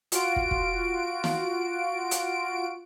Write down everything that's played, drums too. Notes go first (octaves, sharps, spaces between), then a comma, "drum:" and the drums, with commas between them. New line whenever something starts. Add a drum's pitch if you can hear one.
F4 F#4 D7, drum: hi-hat
drum: kick
drum: kick
drum: snare
drum: hi-hat